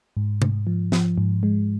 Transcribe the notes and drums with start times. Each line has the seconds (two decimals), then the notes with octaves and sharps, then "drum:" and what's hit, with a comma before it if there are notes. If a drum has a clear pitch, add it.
0.17 G#2
0.42 G#2, drum: tom
0.67 F3
0.92 F3, drum: snare
1.18 G#2
1.43 G#3